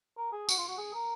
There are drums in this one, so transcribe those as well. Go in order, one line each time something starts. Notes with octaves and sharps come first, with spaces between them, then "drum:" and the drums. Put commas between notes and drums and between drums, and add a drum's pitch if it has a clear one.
A#4
G#4
F#4, drum: tambourine
F4
F#4
G#4
A#4